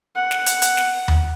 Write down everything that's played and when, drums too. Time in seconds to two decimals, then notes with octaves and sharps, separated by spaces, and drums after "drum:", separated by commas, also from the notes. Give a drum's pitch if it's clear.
0.15 F#5
0.31 drum: snare
0.46 drum: hi-hat
0.62 drum: hi-hat
0.77 drum: snare
1.08 drum: tom D#2